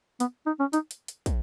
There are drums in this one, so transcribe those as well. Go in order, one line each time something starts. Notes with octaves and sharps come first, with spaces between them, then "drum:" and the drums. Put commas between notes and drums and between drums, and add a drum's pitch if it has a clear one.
B3, drum: hi-hat
D#4
C#4
D#4, drum: hi-hat
drum: hi-hat
drum: hi-hat
drum: kick, hi-hat